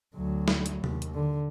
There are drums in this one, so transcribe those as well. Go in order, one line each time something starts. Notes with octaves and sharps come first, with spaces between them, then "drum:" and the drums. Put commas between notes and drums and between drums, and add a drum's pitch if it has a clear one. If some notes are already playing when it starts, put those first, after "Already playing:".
D2 F#3
drum: snare
drum: hi-hat
D#2, drum: tom C3
drum: hi-hat
D3